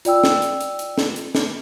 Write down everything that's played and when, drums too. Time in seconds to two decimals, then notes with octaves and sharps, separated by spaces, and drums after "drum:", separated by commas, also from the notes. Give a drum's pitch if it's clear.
0.05 F4 D5 G5 E6, drum: hi-hat
0.24 drum: snare
0.42 drum: hi-hat
0.61 drum: hi-hat
0.79 drum: hi-hat
0.98 drum: snare
1.16 drum: hi-hat
1.35 drum: snare